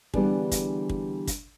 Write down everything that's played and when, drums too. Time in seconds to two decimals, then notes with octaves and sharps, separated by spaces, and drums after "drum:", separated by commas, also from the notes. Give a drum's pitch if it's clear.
0.14 D3 E3 G3 B3 D4 G#4, drum: kick
0.52 drum: kick, hi-hat
0.89 drum: kick
1.27 drum: kick, hi-hat